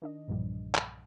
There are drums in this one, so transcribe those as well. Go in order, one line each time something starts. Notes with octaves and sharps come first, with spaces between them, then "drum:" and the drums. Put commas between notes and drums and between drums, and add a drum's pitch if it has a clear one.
D#3 D4 D#5
B1 G2 A#2 E3 F3 G3
drum: clap